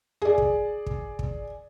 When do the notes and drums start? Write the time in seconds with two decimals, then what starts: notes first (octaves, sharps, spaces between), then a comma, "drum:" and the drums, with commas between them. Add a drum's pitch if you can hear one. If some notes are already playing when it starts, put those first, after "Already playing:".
0.22 G#4 D5
0.38 drum: kick
0.86 drum: kick
1.19 drum: kick